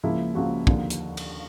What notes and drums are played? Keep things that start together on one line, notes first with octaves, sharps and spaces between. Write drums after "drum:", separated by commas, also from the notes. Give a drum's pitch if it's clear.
C#2 C#3 F3 A#3 E4
C#2 C#3 F3 A#3 F#4
D#2 D3 F3, drum: kick
drum: hi-hat
drum: cymbal